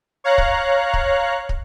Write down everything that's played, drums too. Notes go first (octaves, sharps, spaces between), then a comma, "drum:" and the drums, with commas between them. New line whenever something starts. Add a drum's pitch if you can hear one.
C#5 F5 A#5 F#6
drum: kick
drum: kick
drum: kick